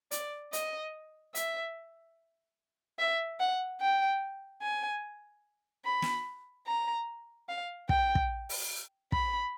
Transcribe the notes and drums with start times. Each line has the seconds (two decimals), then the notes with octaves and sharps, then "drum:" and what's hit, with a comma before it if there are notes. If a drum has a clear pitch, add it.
0.11 D5, drum: hi-hat
0.53 D#5, drum: hi-hat
1.35 E5, drum: hi-hat
2.99 E5
3.40 F#5
3.81 G5
4.62 G#5
5.85 B5
6.02 drum: snare
6.67 A#5
7.49 F5
7.89 G5, drum: kick
8.15 drum: kick
8.49 drum: open hi-hat
9.12 B5, drum: kick